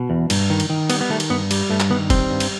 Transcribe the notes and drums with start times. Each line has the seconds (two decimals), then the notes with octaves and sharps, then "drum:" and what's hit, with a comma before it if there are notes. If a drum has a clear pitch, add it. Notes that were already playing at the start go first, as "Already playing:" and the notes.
Already playing: B2
0.10 E2
0.30 G2, drum: cymbal
0.50 D#3
0.60 drum: cymbal
0.70 D#3
0.90 G3 B3, drum: cymbal
1.01 B3
1.10 D#3 A3
1.20 drum: cymbal
1.30 G2 B3
1.51 G3, drum: cymbal
1.70 G2 A3
1.80 drum: clap
1.90 D#3 B3
2.10 G3 C4, drum: kick, cymbal
2.30 G2
2.40 drum: cymbal